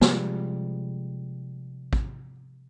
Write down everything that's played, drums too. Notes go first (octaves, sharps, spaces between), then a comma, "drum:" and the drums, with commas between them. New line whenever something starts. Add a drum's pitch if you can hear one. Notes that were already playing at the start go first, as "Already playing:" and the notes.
C3 F3 G3 G#3, drum: snare
drum: kick A1